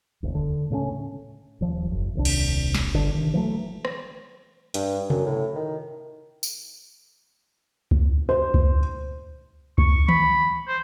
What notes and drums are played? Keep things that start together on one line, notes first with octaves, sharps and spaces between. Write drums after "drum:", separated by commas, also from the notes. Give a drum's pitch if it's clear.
E1 D2
D3
A2 C#3 A3 C#4
D#1 F3
F#1
D#1 C2 D4
drum: cymbal
drum: snare
G1 D3 D4
C3 D#3
E3 F#3 A3
drum: rim click
G2, drum: hi-hat
F#2, drum: tom C3
A2
D#3
drum: tambourine
drum: kick C#2
C5
drum: kick C#2
C#6, drum: kick C#2
B5, drum: tom D#3
C5